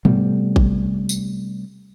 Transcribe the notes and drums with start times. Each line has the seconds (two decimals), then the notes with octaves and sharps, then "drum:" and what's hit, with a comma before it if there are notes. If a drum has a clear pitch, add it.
0.05 C3 G3 A3 B3, drum: tom G#2
0.56 drum: kick A1
1.09 drum: tambourine